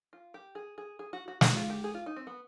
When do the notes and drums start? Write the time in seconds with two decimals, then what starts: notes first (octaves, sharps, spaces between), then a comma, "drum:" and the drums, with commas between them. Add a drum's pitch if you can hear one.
0.13 F4
0.34 G4
0.55 G#4
0.78 G#4
0.99 G#4
1.13 F#4
1.28 F#4
1.41 F#4, drum: snare
1.56 F4
1.70 G4
1.84 G#4
1.94 F4
2.06 D#4
2.16 C4
2.27 B3